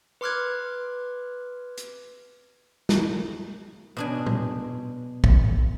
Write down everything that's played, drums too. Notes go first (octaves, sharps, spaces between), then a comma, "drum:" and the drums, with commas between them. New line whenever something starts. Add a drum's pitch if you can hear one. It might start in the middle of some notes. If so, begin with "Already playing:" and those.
B4 C6 D6 F6 F#6 G#6
drum: hi-hat
drum: snare
B2 D4 G#5
drum: tom A#2
drum: kick